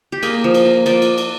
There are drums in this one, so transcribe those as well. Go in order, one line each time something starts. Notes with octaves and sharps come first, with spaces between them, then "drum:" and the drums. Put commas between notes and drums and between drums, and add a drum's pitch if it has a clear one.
G4
A#3 G#4, drum: cymbal
F3
drum: cymbal
A#3
F3 D5, drum: cymbal
drum: cymbal
drum: cymbal